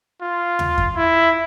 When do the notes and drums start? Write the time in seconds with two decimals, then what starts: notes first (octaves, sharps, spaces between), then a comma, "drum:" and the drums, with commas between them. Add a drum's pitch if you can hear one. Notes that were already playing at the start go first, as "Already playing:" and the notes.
0.22 F4
0.59 drum: tom D#2
0.78 drum: kick F2
0.97 E4